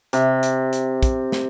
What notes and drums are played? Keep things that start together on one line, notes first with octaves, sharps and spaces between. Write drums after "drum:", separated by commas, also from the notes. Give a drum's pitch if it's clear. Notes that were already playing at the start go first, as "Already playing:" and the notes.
C3, drum: hi-hat
drum: hi-hat
drum: hi-hat
drum: kick, hi-hat
drum: snare